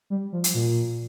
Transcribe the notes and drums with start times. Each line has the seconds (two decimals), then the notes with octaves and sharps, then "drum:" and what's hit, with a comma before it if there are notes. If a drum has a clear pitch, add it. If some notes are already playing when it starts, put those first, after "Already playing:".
0.10 G3
0.32 F3
0.44 drum: hi-hat
0.54 A#2